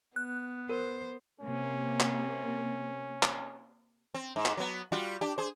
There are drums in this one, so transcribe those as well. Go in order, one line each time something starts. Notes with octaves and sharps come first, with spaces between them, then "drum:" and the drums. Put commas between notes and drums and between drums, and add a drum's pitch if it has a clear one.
B3 F#6
A#4 C5
C3 A#3 C#4
drum: clap
drum: clap
C4
G#2
drum: clap
F#3 B3
G3 F4 F#4
D4 G4
G#4 C5